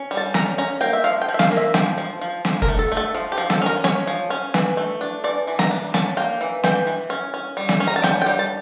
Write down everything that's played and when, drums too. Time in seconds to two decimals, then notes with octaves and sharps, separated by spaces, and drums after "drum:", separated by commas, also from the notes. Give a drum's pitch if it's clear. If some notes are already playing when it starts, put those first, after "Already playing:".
Already playing: C#4
0.11 G3
0.17 A5
0.34 C#4 A#5, drum: snare
0.58 C#4 A#5
0.81 A#3 G5
0.93 E5
1.04 F3 F5
1.22 G5
1.29 F3
1.34 E5
1.39 F5, drum: snare
1.52 A#3
1.57 E5
1.74 F3 G5, drum: snare
1.98 F3
2.21 F3
2.45 F3, drum: snare
2.62 A#4, drum: kick
2.68 A3
2.79 A4
2.92 A3
2.97 A4
3.15 F3
3.32 G4
3.38 F3
3.50 A4, drum: snare
3.62 C#4 A#4
3.84 C#4 C#5, drum: snare
4.07 F3
4.30 C#4
4.54 E3, drum: snare
4.77 A3
5.01 D4
5.24 E3 D5
5.47 E3
5.59 A#5, drum: snare
5.71 D4
5.94 C#4 A5, drum: snare
6.17 A#3 G5
6.41 E3
6.64 E3 G5, drum: snare
6.87 E3
7.10 C#4
7.34 C#4
7.57 G3
7.69 drum: snare
7.80 C#4
7.87 A#5
7.96 A5
8.03 C#4 G5, drum: snare
8.22 G5
8.26 G3
8.39 A5